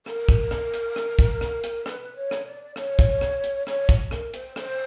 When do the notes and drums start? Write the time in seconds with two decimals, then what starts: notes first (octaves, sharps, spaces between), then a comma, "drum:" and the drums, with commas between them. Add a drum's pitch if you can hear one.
0.06 A#4, drum: rim click
0.29 drum: kick, hi-hat
0.51 drum: rim click
0.74 drum: hi-hat
0.96 drum: rim click
1.19 drum: kick, hi-hat
1.41 drum: rim click
1.64 drum: hi-hat
1.86 B4, drum: rim click
2.16 C#5
2.31 drum: rim click
2.46 D5
2.76 C#5, drum: rim click
2.99 drum: kick, hi-hat
3.21 drum: rim click
3.44 drum: hi-hat
3.67 C#5, drum: rim click
3.89 drum: kick, hi-hat
4.11 A#4, drum: rim click
4.34 C5, drum: hi-hat
4.56 C5, drum: rim click